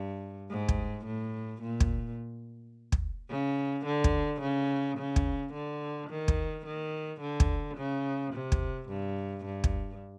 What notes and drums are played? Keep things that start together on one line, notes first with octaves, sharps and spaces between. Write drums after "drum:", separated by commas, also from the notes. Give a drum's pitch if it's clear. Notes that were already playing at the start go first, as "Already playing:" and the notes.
Already playing: G2
G#2
drum: kick
A2
A#2
drum: kick
drum: kick
C#3
D3
drum: kick
C#3
C#3
drum: kick
D3
D#3
drum: kick
D#3
D3
drum: kick
C#3
C3
drum: kick
G2
G2
drum: kick